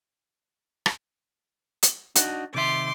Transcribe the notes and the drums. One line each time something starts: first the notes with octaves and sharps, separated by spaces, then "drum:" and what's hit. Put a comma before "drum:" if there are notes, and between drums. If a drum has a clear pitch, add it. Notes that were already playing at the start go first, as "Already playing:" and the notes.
drum: rim click
drum: hi-hat
D4 D#4 F#4, drum: hi-hat
C3 D#3 E5 C6 D6